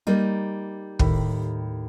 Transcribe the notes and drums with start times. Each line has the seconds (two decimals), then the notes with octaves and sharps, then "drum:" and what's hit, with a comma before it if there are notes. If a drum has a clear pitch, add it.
0.07 G3 A#3 D#4
0.99 D#2 A2 B5, drum: kick